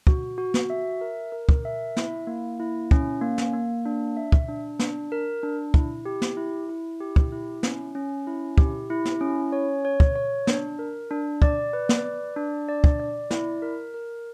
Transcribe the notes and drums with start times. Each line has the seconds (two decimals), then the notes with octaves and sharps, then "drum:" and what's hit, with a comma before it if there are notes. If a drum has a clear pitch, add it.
0.07 F#4, drum: kick
0.38 F#4
0.54 drum: snare
0.70 E5
1.01 A#4
1.32 A#4
1.49 drum: kick
1.65 E5
1.97 E4, drum: snare
2.27 A#3
2.60 E4
2.91 C#4, drum: kick
3.22 A#3
3.38 drum: snare
3.53 A#3
3.86 D4
4.17 E5
4.32 drum: kick
4.48 D4
4.79 D4, drum: snare
5.12 A#4
5.43 D4
5.74 E4, drum: kick
6.05 G4
6.22 drum: snare
6.37 E4
6.69 E4
7.00 G4
7.16 drum: kick
7.32 E4
7.63 C#4, drum: snare
7.95 C#4
8.27 E4
8.58 G4, drum: kick
8.90 E4
9.05 drum: snare
9.21 C#4
9.52 C#5
9.85 C#5
10.00 drum: kick
10.16 C#5
10.47 D4, drum: snare
10.79 A#4
11.11 D4
11.42 D5, drum: kick
11.73 B4
11.89 drum: snare
12.04 D5
12.36 D4
12.69 D5
12.84 drum: kick
13.00 D5
13.31 E4, drum: snare
13.62 A#4
13.94 A#4